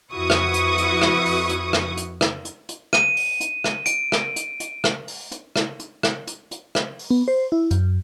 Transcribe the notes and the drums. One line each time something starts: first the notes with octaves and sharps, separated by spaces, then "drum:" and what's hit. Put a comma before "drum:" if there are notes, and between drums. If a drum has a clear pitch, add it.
F2 E4 F#4 B4 C#6 D#6
drum: rim click
drum: hi-hat
drum: hi-hat
drum: rim click
drum: open hi-hat
drum: hi-hat
drum: rim click
drum: hi-hat
drum: rim click
drum: hi-hat
drum: hi-hat
D#7, drum: rim click
drum: open hi-hat
drum: hi-hat
drum: rim click
D7, drum: hi-hat
drum: rim click
drum: hi-hat
drum: hi-hat
drum: rim click
drum: open hi-hat
drum: hi-hat
drum: rim click
drum: hi-hat
drum: rim click
drum: hi-hat
drum: hi-hat
drum: rim click
drum: open hi-hat
B3
C5
E4
F#2, drum: hi-hat